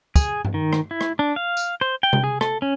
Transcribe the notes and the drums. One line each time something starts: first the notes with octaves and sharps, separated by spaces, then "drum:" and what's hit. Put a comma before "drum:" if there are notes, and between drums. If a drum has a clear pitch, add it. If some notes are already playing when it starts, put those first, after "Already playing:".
G#4, drum: kick, tambourine
drum: tom G2
D#3
drum: rim click
E4
drum: rim click
D4
F5
drum: tambourine
C5
G5
drum: tom C3
G#4
A4, drum: rim click
C#4